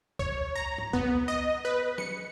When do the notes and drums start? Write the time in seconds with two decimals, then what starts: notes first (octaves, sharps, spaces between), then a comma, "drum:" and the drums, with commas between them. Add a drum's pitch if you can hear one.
0.19 C#5, drum: kick C#2
0.56 A#5
0.78 drum: tom G#2
0.93 B3, drum: kick C#2
1.28 D#5
1.65 B4
1.98 C#7, drum: snare